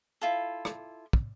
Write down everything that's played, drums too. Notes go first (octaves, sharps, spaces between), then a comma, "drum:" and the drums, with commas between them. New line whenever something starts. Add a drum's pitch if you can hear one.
E4 F4 A4
drum: rim click
drum: kick